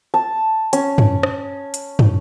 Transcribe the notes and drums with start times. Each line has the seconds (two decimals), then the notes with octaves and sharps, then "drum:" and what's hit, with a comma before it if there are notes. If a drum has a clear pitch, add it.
0.14 A5
0.73 C#4, drum: hi-hat
0.98 drum: tom
1.23 drum: rim click
1.74 drum: hi-hat
1.99 drum: tom